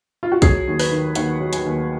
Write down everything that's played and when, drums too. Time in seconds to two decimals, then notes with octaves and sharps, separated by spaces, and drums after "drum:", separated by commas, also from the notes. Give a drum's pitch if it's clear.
0.23 F4
0.32 F#4
0.42 F#3 G#4, drum: kick B1, hi-hat
0.67 D#2
0.79 B4, drum: open hi-hat
0.91 D#3
1.15 D#2 F#5, drum: hi-hat
1.40 F#3
1.53 G#5, drum: hi-hat
1.66 D#2